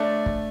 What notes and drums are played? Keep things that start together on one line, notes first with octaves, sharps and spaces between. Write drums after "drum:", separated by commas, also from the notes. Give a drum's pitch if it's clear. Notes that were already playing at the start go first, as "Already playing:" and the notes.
Already playing: A3 D4
drum: kick